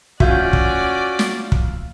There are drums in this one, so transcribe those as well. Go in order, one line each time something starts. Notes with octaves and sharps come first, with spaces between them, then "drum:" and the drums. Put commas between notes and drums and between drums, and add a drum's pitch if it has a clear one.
C#4 F4 F#4 D5 E5 F#5 G6, drum: kick
drum: kick
drum: snare
drum: kick